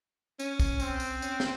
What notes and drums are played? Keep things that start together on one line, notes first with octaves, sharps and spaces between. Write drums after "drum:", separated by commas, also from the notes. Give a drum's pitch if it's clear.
C#4, drum: tambourine
drum: kick, tambourine
C4, drum: tambourine
drum: tambourine
C#4, drum: tambourine
drum: snare